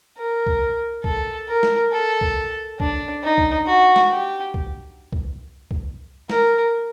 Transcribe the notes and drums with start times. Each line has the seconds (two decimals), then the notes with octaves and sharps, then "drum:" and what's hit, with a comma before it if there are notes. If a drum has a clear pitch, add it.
0.18 A#4
0.46 drum: kick C2
1.04 A4, drum: kick C2
1.48 A#4
1.63 drum: snare
1.92 A4
2.21 drum: kick C2
2.80 D4, drum: kick C2
3.23 D#4
3.38 drum: kick C2
3.66 F#4
3.96 drum: snare
4.11 G4
4.54 drum: kick C2
5.12 drum: kick C2
5.71 drum: kick C2
6.30 A#4, drum: snare